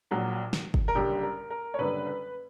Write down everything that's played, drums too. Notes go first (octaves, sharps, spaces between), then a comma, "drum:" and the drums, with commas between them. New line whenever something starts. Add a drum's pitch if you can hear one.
A#1 A#2 F#3
drum: snare
drum: kick
A#4
F#1 F#2 D3 G3 G4
A#4
A#4
C#5
F#1 F#2 D3 G3 B4
B4